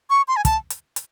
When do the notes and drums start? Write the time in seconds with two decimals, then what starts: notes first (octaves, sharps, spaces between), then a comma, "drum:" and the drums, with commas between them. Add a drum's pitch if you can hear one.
0.10 C#6
0.28 C6
0.36 G#5
0.45 A5, drum: kick, hi-hat
0.70 drum: hi-hat
0.96 drum: hi-hat